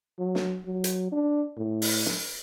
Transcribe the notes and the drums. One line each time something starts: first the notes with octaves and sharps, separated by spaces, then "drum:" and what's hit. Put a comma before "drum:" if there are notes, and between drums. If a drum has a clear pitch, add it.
F#3
drum: snare
F#3
drum: hi-hat
D4
A2
drum: open hi-hat
drum: snare